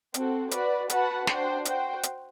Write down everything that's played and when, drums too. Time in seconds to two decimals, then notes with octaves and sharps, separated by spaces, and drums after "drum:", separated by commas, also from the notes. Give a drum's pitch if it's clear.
0.14 C4 F#4 A4, drum: hi-hat
0.51 F#4 B4 D5, drum: hi-hat
0.90 F#4 B4 F#5 A5, drum: hi-hat
1.27 D4 F#4 C5 G5, drum: snare
1.65 F#4 C5 G5, drum: hi-hat
2.03 drum: hi-hat